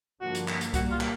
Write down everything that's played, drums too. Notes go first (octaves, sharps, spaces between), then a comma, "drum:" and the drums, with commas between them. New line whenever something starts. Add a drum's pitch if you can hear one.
G2 D3 F3 A#3 F#4
drum: hi-hat
drum: clap
drum: hi-hat
A#2 G3 A#3 F#4, drum: kick C2, hi-hat
F4
drum: clap